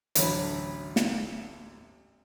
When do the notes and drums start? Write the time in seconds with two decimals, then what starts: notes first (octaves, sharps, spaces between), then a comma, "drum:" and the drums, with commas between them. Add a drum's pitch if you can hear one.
0.15 A1 D2 F#3 B5, drum: hi-hat
0.96 drum: snare